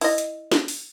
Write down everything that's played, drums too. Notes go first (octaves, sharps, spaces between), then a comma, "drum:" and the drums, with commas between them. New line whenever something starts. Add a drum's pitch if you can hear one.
E4 D#5, drum: open hi-hat
drum: hi-hat
drum: snare
drum: open hi-hat